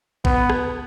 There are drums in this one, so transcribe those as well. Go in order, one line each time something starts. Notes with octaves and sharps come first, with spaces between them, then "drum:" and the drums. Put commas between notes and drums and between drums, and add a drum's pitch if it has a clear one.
B3, drum: kick
drum: rim click